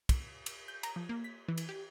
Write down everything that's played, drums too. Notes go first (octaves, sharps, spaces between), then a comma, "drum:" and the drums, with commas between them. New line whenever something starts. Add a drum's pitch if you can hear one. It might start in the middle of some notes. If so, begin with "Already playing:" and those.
drum: kick, cymbal
drum: cymbal
G6
A#5, drum: cymbal
F3
A#3
B6
E3
drum: cymbal
G4